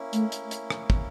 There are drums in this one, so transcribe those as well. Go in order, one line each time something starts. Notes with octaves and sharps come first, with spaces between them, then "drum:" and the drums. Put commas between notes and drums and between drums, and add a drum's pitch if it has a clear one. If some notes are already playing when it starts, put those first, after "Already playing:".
Already playing: A#3 C#4 E4
A3, drum: hi-hat
drum: hi-hat
drum: hi-hat
drum: rim click
drum: kick